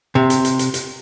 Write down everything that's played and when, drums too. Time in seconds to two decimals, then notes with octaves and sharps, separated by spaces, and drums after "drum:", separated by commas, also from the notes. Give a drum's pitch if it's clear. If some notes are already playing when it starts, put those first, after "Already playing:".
0.15 C3
0.30 drum: hi-hat
0.45 drum: hi-hat
0.59 drum: hi-hat
0.74 drum: hi-hat